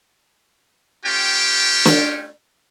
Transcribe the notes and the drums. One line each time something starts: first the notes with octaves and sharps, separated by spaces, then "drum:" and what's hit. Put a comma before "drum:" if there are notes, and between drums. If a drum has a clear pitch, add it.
A3 C#4 F4 G4 G5
drum: snare